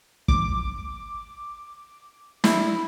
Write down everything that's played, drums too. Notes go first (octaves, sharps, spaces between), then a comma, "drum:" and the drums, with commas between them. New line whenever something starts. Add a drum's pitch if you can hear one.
D6, drum: kick
E4, drum: snare